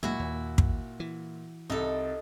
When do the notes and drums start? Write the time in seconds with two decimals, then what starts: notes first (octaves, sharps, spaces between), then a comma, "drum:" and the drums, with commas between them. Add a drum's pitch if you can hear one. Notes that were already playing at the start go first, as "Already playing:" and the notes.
0.03 D2 A#2 F#3 G#3 E4 F#4
0.19 D#2
0.58 drum: kick
1.00 E3
1.70 C2 D#4 A4